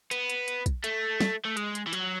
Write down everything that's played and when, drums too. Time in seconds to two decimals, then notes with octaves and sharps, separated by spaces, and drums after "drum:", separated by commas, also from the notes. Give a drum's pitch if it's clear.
0.11 B3, drum: hi-hat
0.30 drum: hi-hat
0.48 drum: hi-hat
0.66 drum: kick, hi-hat
0.84 A3, drum: hi-hat
1.21 drum: snare
1.45 A3
1.57 G#3, drum: hi-hat
1.75 drum: hi-hat
1.87 E3
1.93 F#3, drum: hi-hat